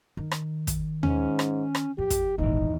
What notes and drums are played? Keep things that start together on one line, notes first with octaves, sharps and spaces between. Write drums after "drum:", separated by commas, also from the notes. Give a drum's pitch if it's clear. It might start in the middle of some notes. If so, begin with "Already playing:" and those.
D#3
drum: rim click
drum: kick, hi-hat
G#2 C#4, drum: tom D#2
drum: rim click
drum: rim click
F2 G4
drum: kick, hi-hat
D#1 G#1 D#2 E3 D#4